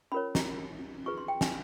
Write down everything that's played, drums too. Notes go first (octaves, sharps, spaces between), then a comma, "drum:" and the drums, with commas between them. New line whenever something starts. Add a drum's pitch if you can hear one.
C#4 F4 A#4 C#5 B5
A#5, drum: snare
F4 G#4 B4 C#6
C6
G5
G#5, drum: snare